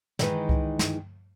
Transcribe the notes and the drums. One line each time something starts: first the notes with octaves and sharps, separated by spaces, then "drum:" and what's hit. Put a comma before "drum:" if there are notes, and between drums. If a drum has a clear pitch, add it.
D#3 E3 G#3 D#4 B4, drum: snare
drum: kick C2
drum: snare